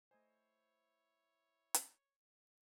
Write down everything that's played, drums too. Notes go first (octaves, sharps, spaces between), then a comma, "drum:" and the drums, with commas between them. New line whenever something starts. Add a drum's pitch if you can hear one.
A3 E4 C5 C#5 D#5 G#5
drum: hi-hat